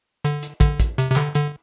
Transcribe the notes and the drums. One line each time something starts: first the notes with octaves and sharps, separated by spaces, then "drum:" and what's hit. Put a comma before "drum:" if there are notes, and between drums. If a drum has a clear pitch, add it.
D3, drum: hi-hat
drum: hi-hat
D3, drum: kick, hi-hat
drum: kick, hi-hat
C3, drum: hi-hat
C3
D3, drum: clap
D3, drum: hi-hat